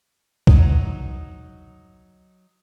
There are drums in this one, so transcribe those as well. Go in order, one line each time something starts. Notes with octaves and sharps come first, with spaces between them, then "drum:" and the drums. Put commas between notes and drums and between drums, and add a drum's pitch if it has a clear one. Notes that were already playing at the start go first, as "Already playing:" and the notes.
F#3 D#4, drum: kick B1